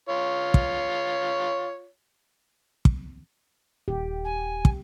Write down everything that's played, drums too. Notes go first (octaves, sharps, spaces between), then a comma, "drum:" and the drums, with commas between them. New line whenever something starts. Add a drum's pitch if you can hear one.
F4 C#5
drum: kick
drum: kick
D#1 G4
G#5
drum: kick